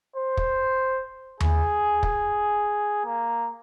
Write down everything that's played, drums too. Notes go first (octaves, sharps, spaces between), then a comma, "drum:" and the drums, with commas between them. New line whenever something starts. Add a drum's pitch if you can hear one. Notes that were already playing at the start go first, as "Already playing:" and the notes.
C5
drum: kick
G#4, drum: tom D#2
drum: kick
A#3